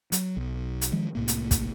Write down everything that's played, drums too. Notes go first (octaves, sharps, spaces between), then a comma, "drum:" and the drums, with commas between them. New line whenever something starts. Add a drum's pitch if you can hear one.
F#3, drum: hi-hat
B1
drum: hi-hat
D#3 F3 G#3
C2 A2 A#3
drum: hi-hat
drum: kick, hi-hat